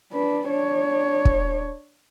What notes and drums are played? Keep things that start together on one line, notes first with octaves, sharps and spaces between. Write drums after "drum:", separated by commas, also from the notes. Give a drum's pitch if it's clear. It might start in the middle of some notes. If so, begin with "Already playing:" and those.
D4 B4
D4 C#5
drum: kick